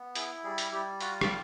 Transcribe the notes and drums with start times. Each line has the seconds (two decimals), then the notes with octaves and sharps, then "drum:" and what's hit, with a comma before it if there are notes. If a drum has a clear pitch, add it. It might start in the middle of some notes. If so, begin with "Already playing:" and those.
Already playing: B3
0.15 E4 G#4, drum: hi-hat
0.44 G3 G#4
0.58 drum: hi-hat
0.72 G3 G4
1.01 F4 F#4, drum: hi-hat
1.21 drum: rim click